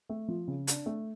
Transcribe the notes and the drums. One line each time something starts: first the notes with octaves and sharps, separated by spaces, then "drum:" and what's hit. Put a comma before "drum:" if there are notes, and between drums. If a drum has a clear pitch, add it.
A3
F3
C#3
D4, drum: hi-hat
A3